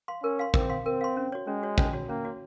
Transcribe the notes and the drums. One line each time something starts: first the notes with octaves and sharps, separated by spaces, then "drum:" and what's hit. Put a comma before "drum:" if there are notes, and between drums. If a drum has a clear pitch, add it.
F5 C6
C#4 A#4
F5 C6
C4 A#4, drum: kick
F5 C6
C4 A#4
F5 C6
C#4
F#4 C#5
G#3 C#4
F#4 C#5
C#4, drum: kick
F#4 C#5
A#3 C#4
F#4 C#5